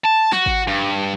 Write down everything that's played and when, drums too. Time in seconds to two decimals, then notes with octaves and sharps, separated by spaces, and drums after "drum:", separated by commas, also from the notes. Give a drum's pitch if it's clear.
0.04 A5
0.32 F#4, drum: snare
0.46 drum: kick G#1
0.67 G2